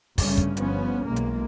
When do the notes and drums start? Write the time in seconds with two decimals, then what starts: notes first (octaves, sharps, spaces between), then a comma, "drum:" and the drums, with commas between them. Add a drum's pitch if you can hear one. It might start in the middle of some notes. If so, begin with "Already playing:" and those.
0.18 G1 G2 C#3 A3 C#4, drum: kick, open hi-hat
0.38 drum: kick
0.57 G1 F3 B3 C#4, drum: hi-hat
1.06 B1 E2 G#3 A#3
1.16 drum: hi-hat